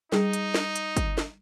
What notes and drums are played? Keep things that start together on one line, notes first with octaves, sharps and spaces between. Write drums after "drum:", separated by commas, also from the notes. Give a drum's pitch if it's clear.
G3 D#4 G#4, drum: snare
drum: hi-hat
drum: snare
drum: hi-hat
drum: kick G1, hi-hat
drum: snare